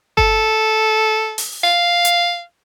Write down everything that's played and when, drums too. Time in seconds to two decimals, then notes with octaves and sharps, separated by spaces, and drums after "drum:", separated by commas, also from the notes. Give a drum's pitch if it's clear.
0.18 A4, drum: kick G1
1.38 drum: open hi-hat
1.64 F5
2.05 drum: hi-hat